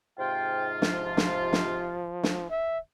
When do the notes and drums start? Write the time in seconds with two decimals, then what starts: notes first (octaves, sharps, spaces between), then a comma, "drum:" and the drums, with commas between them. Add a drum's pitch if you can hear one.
0.19 G#2 C3 F4 G5
0.82 F3, drum: snare
1.17 drum: snare
1.53 drum: snare
2.23 drum: snare
2.50 E5